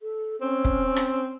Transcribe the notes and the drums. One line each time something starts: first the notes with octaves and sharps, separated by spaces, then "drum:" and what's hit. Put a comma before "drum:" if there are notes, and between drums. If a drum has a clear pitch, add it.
A4
C4 C#4
drum: kick
drum: rim click